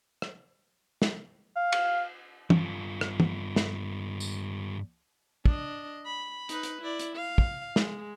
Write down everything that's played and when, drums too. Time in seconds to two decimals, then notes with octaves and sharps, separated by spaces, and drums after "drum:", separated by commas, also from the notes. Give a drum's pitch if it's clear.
0.22 drum: rim click
1.02 drum: snare
1.56 F5
1.72 drum: cymbal
2.50 G2 F4, drum: tom E3
3.01 drum: rim click
3.20 drum: tom
3.56 drum: snare
4.20 drum: tambourine
5.46 D4 D#5, drum: kick
6.06 B5
6.49 D#4 B4, drum: hi-hat
6.63 drum: hi-hat
6.81 E4 D5
6.99 drum: hi-hat
7.16 F5
7.38 drum: kick
7.76 G#3, drum: snare